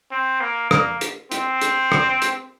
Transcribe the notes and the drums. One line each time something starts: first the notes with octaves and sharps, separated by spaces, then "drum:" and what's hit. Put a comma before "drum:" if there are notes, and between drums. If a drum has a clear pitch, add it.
C4
A#3
A#3, drum: rim click
drum: hi-hat
C4, drum: hi-hat
drum: hi-hat
drum: rim click
drum: hi-hat